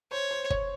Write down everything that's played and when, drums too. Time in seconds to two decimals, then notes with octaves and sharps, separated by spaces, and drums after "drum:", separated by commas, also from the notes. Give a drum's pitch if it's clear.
0.11 C5 C#5
0.31 C5
0.50 C#5, drum: kick